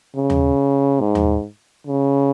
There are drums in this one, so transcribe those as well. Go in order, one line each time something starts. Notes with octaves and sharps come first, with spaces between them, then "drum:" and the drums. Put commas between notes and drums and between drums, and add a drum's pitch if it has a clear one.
C#3
drum: tom D#2
G#2
drum: tom D#2
C#3